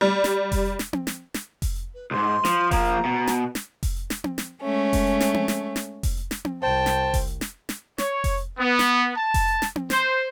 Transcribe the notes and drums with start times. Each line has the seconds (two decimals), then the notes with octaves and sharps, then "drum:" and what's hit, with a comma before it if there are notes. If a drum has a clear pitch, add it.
0.01 G3
0.24 drum: snare
0.52 drum: kick F1, open hi-hat
0.79 drum: snare
0.93 drum: tom C4
1.07 drum: snare
1.34 drum: snare
1.62 drum: kick F1, open hi-hat
1.94 B4
2.11 C2 G#2 C6
2.45 F3, drum: snare
2.71 F3 A#3 A#5, drum: kick F1, open hi-hat
3.05 B2
3.27 drum: snare
3.55 drum: snare
3.83 drum: kick F1, open hi-hat
4.10 drum: snare
4.24 drum: tom C4
4.38 drum: snare
4.62 G#3 A3 C#4
4.93 drum: kick F1, open hi-hat
5.21 drum: snare
5.34 drum: tom C4
5.48 drum: snare
5.76 drum: snare
6.03 drum: kick F1, open hi-hat
6.31 drum: snare
6.45 drum: tom C4
6.63 C2 C5 G5 A5
6.86 drum: snare
7.14 drum: kick F1, open hi-hat
7.41 drum: snare
7.69 drum: snare
7.98 C#5, drum: snare
8.24 drum: kick F1, open hi-hat
8.58 B3
8.79 drum: snare
9.15 A5
9.34 drum: kick F1, open hi-hat
9.62 drum: snare
9.76 drum: tom C4
9.90 C5, drum: snare